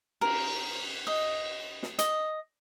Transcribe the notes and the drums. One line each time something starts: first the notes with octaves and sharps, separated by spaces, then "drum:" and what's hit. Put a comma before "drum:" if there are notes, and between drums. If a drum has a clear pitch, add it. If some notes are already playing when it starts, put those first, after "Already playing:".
A#4, drum: cymbal
D#5
drum: snare
D#5, drum: hi-hat